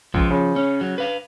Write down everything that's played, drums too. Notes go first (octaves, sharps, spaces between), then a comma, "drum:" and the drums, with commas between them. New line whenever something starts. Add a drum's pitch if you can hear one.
C#2 F3, drum: kick
C#3
C#4
F#3
B4 F5